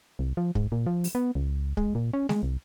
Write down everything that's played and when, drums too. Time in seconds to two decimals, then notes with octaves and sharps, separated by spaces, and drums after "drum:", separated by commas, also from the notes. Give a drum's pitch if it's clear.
0.19 C2
0.37 F3
0.55 G#2, drum: kick
0.72 A#2
0.86 F3
1.04 drum: open hi-hat
1.15 B3
1.35 C#2
1.77 G#3, drum: kick
1.95 A#2
2.13 C#4
2.29 G#3, drum: snare A3
2.43 C2